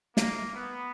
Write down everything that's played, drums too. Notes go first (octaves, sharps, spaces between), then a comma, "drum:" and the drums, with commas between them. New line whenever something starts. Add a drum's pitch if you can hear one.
A#3, drum: snare
B3